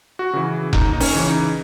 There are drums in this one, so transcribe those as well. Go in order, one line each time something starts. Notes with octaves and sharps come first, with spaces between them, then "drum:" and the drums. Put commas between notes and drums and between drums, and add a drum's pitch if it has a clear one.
F#4
C#3 E3
D#2 D#4, drum: kick F1
D#4
C#4, drum: open hi-hat
C#3 E3
D#4